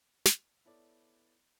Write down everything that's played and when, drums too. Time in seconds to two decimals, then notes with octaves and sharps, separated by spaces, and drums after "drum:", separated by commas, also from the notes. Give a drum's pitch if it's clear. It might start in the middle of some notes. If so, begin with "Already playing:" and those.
0.26 drum: snare
0.65 B3 E4 A4 C#5 D5